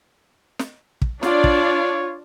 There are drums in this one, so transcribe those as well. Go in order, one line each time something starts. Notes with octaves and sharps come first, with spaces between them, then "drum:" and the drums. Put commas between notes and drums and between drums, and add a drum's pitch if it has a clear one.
drum: snare
drum: kick
D4 F4 C#5 D5, drum: snare
drum: kick